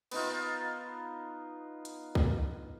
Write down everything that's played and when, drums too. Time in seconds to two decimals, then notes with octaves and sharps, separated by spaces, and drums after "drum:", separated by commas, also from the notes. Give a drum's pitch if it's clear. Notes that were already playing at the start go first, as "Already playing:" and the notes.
0.11 B3 D#4 F4, drum: cymbal
1.85 drum: hi-hat
2.15 drum: kick C2